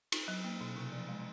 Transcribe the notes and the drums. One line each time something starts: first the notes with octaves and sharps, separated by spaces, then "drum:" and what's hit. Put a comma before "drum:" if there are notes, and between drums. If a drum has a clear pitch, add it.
D#4, drum: cymbal
F#3
A#3
B2
C3
F3
G#3